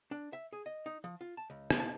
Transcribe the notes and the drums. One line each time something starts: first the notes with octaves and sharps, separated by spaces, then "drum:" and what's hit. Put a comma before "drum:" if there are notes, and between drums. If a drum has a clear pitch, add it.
D4
E5
G#4
D#5
D#4
F3
F4
A5
C#2
drum: rim click
A5